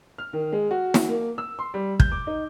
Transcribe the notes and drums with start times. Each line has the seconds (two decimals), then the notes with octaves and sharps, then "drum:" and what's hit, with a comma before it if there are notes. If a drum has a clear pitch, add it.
0.18 F6
0.33 D#3
0.52 G#3
0.71 F#4
0.94 drum: snare
1.09 A#3
1.38 E6
1.59 C6
1.74 G3
2.00 G6, drum: kick
2.12 D6
2.27 D#4